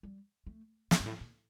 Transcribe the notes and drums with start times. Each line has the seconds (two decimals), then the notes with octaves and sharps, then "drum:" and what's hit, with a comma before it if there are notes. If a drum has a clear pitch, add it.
0.03 G3
0.47 A3
0.91 A#2, drum: snare
1.00 G2
1.06 A2
1.21 A#2